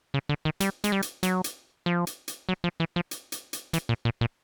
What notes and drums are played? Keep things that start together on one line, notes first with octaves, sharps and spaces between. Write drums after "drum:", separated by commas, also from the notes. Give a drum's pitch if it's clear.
C#3
D3
D#3
G3, drum: hi-hat
G#3, drum: hi-hat
G3
drum: hi-hat
F#3, drum: hi-hat
drum: hi-hat
F3
drum: hi-hat
drum: hi-hat
F#3
F3
E3
F3
drum: hi-hat
drum: hi-hat
drum: hi-hat
E3, drum: hi-hat
A#2
A#2
A#2